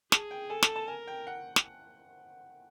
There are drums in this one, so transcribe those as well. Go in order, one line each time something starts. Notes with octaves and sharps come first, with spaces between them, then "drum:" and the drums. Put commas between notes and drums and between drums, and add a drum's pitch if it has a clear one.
G#4 A5, drum: snare
G5
A4 G#5
A5, drum: snare
A5
A#4 G#5
G5
F#5
drum: snare